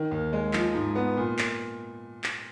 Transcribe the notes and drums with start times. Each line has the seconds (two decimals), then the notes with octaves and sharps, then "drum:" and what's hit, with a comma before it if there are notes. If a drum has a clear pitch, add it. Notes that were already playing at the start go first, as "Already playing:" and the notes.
Already playing: D#3
0.11 D#2
0.33 G#3
0.53 F3, drum: clap
0.75 G#2
0.95 B3
1.17 A#2
1.39 drum: clap
2.24 drum: clap